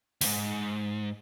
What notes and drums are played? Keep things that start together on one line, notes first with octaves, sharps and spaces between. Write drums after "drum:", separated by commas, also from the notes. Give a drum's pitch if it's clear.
D#2 G#2, drum: open hi-hat